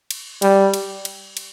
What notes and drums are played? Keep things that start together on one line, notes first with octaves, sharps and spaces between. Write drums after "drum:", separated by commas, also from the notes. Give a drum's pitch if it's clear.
drum: cymbal
G3, drum: cymbal
drum: cymbal
drum: cymbal
drum: cymbal